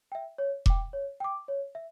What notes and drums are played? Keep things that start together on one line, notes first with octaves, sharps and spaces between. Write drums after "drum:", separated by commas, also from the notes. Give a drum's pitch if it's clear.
E5 G5
C#5
G5 D6, drum: kick E1
C#5
G5 D6
C#5
E5